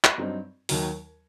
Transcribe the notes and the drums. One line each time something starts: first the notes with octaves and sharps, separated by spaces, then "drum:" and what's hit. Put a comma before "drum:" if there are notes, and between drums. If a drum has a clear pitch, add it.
drum: clap
G2 F#3 C4 D#4
D#2 D#3 F#3, drum: open hi-hat